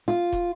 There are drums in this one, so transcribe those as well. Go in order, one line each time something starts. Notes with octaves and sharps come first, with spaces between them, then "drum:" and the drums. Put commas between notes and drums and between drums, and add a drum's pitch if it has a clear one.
F4
drum: kick, hi-hat